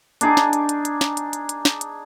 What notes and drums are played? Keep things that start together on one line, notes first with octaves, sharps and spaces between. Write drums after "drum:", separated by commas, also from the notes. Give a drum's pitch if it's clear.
D4 D#4 G#4 D6, drum: hi-hat
drum: snare
drum: hi-hat
drum: hi-hat
drum: hi-hat
drum: snare
drum: hi-hat
drum: hi-hat
drum: hi-hat
drum: snare
drum: hi-hat